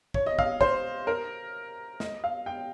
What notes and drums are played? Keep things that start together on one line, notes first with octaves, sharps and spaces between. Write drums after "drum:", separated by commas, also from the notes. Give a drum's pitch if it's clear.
C#5, drum: kick
D#5
F5, drum: kick
C5, drum: kick
A#4
D#5, drum: snare
F5
G5